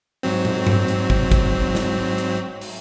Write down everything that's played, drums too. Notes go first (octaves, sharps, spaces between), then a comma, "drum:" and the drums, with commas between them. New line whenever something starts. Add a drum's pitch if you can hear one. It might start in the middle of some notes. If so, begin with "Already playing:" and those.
G#2 F#3 C4
drum: tom
drum: tom G2
drum: hi-hat
drum: kick
drum: kick, hi-hat
drum: snare
drum: hi-hat
drum: open hi-hat